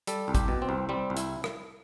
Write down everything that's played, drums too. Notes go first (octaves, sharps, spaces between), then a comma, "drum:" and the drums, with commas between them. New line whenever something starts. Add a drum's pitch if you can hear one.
G3 A4, drum: hi-hat
C2
G4, drum: kick A1, hi-hat
B2
C4
C2
G3 C4
C2
E4, drum: hi-hat
drum: rim click